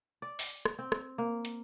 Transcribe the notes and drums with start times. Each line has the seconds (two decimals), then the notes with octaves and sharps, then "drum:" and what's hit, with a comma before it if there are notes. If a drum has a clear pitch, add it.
0.22 D5
0.39 drum: open hi-hat
0.65 drum: rim click
0.79 C4
0.92 drum: rim click
1.18 A#3
1.45 drum: hi-hat